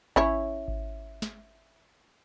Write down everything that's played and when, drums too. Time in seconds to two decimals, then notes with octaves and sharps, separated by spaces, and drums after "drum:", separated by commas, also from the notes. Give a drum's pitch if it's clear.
0.16 C#4 E4 C#5, drum: kick G#1
0.68 drum: kick G#1
1.22 drum: snare